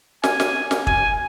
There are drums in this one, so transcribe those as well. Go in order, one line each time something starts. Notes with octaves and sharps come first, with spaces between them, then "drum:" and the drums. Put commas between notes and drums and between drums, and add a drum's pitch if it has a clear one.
G#5, drum: snare
drum: snare
drum: snare
G#5, drum: kick